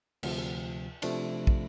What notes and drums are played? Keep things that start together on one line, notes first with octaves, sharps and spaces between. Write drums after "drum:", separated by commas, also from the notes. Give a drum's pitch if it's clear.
D2 C3 F3, drum: cymbal
C3 F3 A3 D4, drum: cymbal
drum: kick